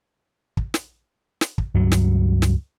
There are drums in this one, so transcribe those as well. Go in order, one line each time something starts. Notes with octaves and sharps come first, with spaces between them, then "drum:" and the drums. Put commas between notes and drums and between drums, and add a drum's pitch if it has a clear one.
drum: kick
drum: snare
drum: snare
drum: kick
C#2 G2 F#3
drum: snare
drum: snare